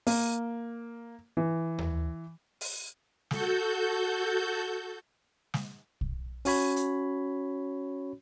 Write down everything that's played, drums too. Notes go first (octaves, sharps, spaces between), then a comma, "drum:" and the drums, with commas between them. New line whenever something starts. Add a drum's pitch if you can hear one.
A#3, drum: open hi-hat
E3
drum: tom D#2
drum: open hi-hat
F#4 A4 G6, drum: snare
drum: snare
drum: kick
C#4 F#4 C#5 B5, drum: open hi-hat
drum: hi-hat